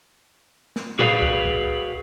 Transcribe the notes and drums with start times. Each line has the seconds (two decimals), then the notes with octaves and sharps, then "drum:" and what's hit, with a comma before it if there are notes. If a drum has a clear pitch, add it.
0.76 drum: snare
0.99 F#4 G#4 B4 D5 F5, drum: tom A2
1.22 drum: kick C2
1.45 drum: kick C2